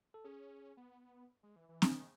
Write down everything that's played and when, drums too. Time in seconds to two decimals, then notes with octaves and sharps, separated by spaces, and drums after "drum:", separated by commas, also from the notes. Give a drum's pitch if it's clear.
0.14 A4
0.25 C#4 G#4
0.77 B3
1.43 G#3
1.56 E3
1.69 E3
1.82 D#3, drum: snare C4